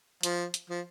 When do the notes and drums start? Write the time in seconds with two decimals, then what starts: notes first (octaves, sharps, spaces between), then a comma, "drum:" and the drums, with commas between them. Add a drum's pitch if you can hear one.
0.23 F3, drum: hi-hat
0.54 drum: hi-hat
0.70 F3